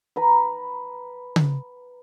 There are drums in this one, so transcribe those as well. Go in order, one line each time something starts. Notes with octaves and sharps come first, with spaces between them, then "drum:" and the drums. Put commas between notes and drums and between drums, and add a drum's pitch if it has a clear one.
B4 A#5 B5
drum: tom C#3